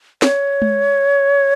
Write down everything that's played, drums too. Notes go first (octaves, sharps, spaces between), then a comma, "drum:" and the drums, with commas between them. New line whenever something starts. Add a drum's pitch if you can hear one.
C#5, drum: snare
drum: tom G#3